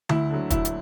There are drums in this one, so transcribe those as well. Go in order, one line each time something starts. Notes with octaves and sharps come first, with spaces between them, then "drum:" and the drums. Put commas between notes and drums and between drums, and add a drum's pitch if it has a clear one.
D2 E4, drum: tom D3
D3 F#3
D2 E4, drum: kick, hi-hat
drum: hi-hat